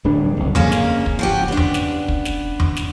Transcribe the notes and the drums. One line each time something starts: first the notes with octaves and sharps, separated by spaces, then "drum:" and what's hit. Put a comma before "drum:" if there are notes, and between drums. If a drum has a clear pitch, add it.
D1 G3 D4
F#1 C2
F2 C#3 A#3 C#4, drum: tom E2
drum: snare
drum: kick
F3 F#4 G4
B3 D4
drum: tom E2
drum: snare
drum: kick
drum: snare
drum: tom E2
drum: snare